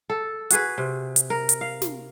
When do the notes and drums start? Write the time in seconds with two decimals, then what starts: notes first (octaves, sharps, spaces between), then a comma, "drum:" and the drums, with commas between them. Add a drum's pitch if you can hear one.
0.10 A4
0.50 F#4 G#4 B4, drum: hi-hat
0.78 C3
1.16 drum: hi-hat
1.30 A#4
1.49 drum: hi-hat
1.61 F5
1.82 drum: snare